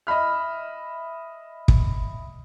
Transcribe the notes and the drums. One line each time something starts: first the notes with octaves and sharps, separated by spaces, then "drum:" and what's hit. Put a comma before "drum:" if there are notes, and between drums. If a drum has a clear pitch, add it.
D#5 E5 B5 F6
drum: kick